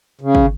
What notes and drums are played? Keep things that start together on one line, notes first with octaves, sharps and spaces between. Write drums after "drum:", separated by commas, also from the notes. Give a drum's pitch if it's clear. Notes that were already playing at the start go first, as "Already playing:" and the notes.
C#3
drum: kick